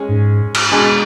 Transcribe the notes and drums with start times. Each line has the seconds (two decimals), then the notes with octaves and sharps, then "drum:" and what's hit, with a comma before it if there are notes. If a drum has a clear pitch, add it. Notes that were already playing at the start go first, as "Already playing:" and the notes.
Already playing: G#3 C#4 G#4
0.09 G#2
0.55 drum: cymbal
0.71 B2 G#3 D4 G#4